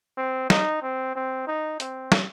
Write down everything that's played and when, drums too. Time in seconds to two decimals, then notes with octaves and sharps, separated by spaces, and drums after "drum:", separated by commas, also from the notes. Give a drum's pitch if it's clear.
0.18 C4
0.50 D#4, drum: snare
0.83 C4
1.15 C4
1.47 D#4
1.80 C4, drum: hi-hat
2.12 drum: snare